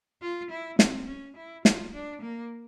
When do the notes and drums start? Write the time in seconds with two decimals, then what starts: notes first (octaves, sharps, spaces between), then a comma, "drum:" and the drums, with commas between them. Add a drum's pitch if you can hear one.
0.22 F4
0.51 E4
0.79 C4, drum: snare
1.07 C#4
1.37 E4
1.65 F4, drum: snare
1.93 D4
2.22 A#3